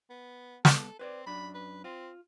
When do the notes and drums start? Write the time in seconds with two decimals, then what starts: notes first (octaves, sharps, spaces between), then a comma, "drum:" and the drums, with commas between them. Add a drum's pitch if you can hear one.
0.10 B3
0.65 B3 A4, drum: snare
0.99 C4 B4 C#5 D5
1.26 F#2 D4 B5
1.55 B4
1.84 C4 F4